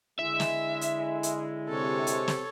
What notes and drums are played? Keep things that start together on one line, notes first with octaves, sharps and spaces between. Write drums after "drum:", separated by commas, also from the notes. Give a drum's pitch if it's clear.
D3 G#3 E4 E5
drum: snare
drum: hi-hat
drum: hi-hat
C3 A4 C#5
drum: hi-hat
drum: snare